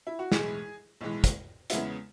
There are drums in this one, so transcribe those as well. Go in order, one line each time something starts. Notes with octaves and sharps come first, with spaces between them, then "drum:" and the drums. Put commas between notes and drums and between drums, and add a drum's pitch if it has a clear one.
E4
F#4
B1 A2 E3 G#3 G#4, drum: snare
B1 A2 E3 G#3
drum: kick, hi-hat
E2 C#3 G#3 B3 E4, drum: hi-hat